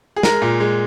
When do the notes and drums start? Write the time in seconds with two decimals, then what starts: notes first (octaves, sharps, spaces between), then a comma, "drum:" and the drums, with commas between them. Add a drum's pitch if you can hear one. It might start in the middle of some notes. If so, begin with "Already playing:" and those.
0.16 G#4
0.23 G#3 A#4, drum: snare
0.42 A#2
0.60 G#3